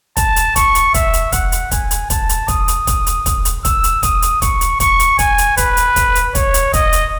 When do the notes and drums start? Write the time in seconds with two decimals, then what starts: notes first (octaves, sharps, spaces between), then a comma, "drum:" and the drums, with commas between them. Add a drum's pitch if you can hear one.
0.17 A5, drum: kick, hi-hat
0.36 drum: hi-hat
0.56 C#6, drum: kick, hi-hat
0.75 drum: hi-hat
0.94 E5, drum: kick, hi-hat
1.13 drum: hi-hat
1.32 F#5, drum: kick, hi-hat
1.52 drum: hi-hat
1.71 G#5, drum: kick, hi-hat
1.91 drum: hi-hat
2.10 A5, drum: kick, hi-hat
2.29 drum: hi-hat
2.48 D#6, drum: kick, hi-hat
2.68 drum: hi-hat
2.87 drum: kick, hi-hat
3.07 drum: hi-hat
3.26 drum: kick, hi-hat
3.45 drum: hi-hat
3.65 E6, drum: kick, hi-hat
3.84 drum: hi-hat
4.03 D#6, drum: kick, hi-hat
4.22 drum: hi-hat
4.42 C#6, drum: kick, hi-hat
4.61 drum: hi-hat
4.80 C#6, drum: kick, hi-hat
5.00 drum: hi-hat
5.19 G#5, drum: kick, hi-hat
5.38 drum: hi-hat
5.57 B4, drum: kick, hi-hat
5.77 drum: hi-hat
5.96 drum: kick, hi-hat
6.15 drum: hi-hat
6.35 C#5, drum: kick, hi-hat
6.54 drum: hi-hat
6.73 D#5, drum: kick, hi-hat
6.93 drum: hi-hat